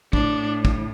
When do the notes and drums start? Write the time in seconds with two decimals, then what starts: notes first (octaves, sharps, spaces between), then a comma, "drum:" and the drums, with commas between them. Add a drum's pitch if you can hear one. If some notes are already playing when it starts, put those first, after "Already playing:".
0.13 A2 D4, drum: kick
0.65 drum: kick